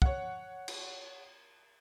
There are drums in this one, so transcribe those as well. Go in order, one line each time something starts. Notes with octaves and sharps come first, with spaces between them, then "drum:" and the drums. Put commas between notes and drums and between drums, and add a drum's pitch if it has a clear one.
C#5 F#5, drum: kick
drum: cymbal